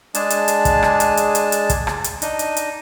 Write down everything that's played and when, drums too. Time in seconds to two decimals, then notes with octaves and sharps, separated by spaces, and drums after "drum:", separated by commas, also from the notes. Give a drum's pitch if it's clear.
0.15 G#3 D4 G#4 A5, drum: hi-hat
0.30 drum: hi-hat
0.48 drum: hi-hat
0.65 drum: kick, hi-hat
0.83 drum: rim click
1.00 drum: hi-hat
1.17 drum: hi-hat
1.35 drum: hi-hat
1.52 drum: hi-hat
1.70 drum: kick, hi-hat
1.87 drum: rim click
2.04 drum: hi-hat
2.22 D4 D#4 D#5, drum: hi-hat
2.39 drum: hi-hat
2.57 drum: hi-hat